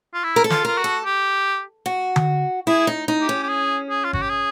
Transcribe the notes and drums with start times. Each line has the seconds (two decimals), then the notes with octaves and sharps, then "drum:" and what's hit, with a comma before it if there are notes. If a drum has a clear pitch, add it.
0.14 F4
0.24 E4
0.36 A#4
0.44 A4
0.50 F4, drum: snare
0.65 F4 A#4
0.78 F#4
0.84 A4
1.05 G4
1.86 F#4
2.16 drum: tom D3
2.67 E4 G#4
2.87 D#4
3.08 D#4
3.22 G4
3.29 C#4
3.43 G4
3.49 G#4
3.90 G#4
4.05 F4
4.13 F#4, drum: kick G#1
4.22 G4
4.30 G#4